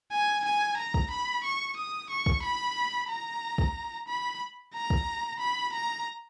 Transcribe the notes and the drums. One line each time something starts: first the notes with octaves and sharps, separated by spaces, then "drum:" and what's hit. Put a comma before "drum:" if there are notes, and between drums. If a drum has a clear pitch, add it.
G#5
G#5
A#5
drum: kick
B5
C#6
D#6
C#6
drum: kick
B5
A#5
drum: kick
B5
A#5
drum: kick
B5
A#5